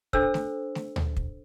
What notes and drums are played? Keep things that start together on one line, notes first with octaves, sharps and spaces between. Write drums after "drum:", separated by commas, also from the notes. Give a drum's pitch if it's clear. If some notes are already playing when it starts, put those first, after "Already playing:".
D4 A4 C5 E6, drum: kick
drum: snare A3
drum: snare A3
drum: tom D2
drum: kick